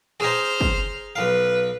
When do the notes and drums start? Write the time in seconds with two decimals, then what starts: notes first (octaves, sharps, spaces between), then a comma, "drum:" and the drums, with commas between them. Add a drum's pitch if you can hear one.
0.20 D#4 G#4 C5 F6
0.61 drum: kick
1.16 B1 B4 F5